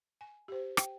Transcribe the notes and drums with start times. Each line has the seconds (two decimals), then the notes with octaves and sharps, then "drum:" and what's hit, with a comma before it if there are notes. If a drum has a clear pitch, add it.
0.21 G#5
0.48 G4 C5
0.77 G5, drum: rim click